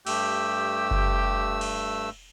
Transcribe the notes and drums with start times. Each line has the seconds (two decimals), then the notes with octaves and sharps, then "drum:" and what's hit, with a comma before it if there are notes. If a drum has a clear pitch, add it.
0.07 G2 A3 G4 E6, drum: cymbal
0.91 drum: kick F#1
1.61 drum: cymbal